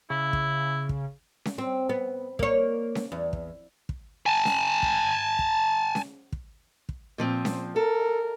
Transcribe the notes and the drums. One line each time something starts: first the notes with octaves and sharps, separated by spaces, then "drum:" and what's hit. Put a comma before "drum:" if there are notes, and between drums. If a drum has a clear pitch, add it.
C#3 E4
drum: kick
drum: kick
drum: snare C#4
C4
B3
A#3 C#5, drum: kick
drum: snare C#4
E2
drum: kick
drum: kick
G#5 A5
drum: snare C#4
drum: kick
drum: kick
drum: snare C#4
drum: kick
drum: kick
A#2 F3 C4
drum: snare C#4
A4 A#4